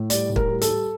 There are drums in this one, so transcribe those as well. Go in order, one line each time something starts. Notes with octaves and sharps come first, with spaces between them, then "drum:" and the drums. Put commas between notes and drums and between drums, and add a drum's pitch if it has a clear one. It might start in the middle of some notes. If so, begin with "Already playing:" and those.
Already playing: A2
G3 D5, drum: hi-hat
A2
A#4, drum: kick
G3
A4, drum: hi-hat
G3